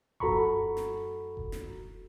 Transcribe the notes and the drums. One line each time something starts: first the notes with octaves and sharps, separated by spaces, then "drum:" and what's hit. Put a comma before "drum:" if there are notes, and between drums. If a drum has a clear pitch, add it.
F#2 F#4 A4 A#5 B5 C#6, drum: kick E1
drum: snare
drum: kick E1
drum: snare